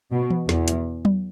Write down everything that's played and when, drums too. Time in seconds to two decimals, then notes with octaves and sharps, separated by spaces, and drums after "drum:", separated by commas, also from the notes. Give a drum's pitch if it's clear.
0.12 B2
0.30 drum: tom E3
0.49 E2, drum: snare
0.68 drum: hi-hat
1.05 drum: tom F#3